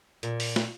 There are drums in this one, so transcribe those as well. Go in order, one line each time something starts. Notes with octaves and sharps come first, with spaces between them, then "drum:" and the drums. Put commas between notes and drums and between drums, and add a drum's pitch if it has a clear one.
A#2, drum: hi-hat
drum: open hi-hat
drum: snare